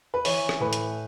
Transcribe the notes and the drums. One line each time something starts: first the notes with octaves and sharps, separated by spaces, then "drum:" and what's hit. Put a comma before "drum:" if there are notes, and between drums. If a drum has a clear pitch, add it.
B4
E3 C#5, drum: open hi-hat
drum: rim click
A2 B4
drum: hi-hat